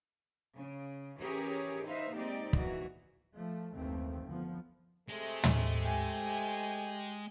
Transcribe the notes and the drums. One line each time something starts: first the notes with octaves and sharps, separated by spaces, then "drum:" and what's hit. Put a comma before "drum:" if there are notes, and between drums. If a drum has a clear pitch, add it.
C#3
E3 C#4 G4 G#4 A#4 C#5
D#4 B4 C5 E5 F5
G#3 A#3 C4 D#4 G4 D5
G#2 E3 A#3 F#4, drum: kick
F3 A3
F#1 D#2 D#3 E3 A3 C4
D2 F3 B3
C3 G#3 A3
drum: tom
G4 G#5